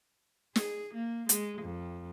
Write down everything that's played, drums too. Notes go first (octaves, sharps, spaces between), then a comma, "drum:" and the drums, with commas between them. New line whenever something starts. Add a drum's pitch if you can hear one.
G#4, drum: snare
A#3
G#3, drum: hi-hat
F2